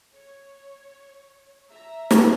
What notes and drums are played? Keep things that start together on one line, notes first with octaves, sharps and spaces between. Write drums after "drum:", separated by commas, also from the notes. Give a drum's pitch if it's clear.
C#5
E5 A#5
drum: snare